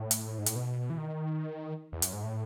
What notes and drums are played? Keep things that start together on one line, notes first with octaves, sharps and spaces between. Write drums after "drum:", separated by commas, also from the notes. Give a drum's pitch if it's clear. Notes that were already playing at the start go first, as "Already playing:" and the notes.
Already playing: A2
drum: hi-hat
G#2
A2, drum: hi-hat
B2
E3
D#3
E2
F#2, drum: hi-hat
G#2
A2